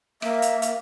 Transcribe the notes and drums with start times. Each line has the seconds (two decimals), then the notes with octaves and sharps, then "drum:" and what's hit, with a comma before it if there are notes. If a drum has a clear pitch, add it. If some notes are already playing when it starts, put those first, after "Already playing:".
0.22 A#3 E5, drum: rim click
0.42 drum: hi-hat
0.62 drum: hi-hat